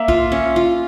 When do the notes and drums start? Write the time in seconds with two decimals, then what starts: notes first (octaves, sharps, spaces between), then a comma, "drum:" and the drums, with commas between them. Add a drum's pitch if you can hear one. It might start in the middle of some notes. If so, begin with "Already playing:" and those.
Already playing: A#3 E5
0.08 F4, drum: kick B1
0.32 C#4
0.56 F4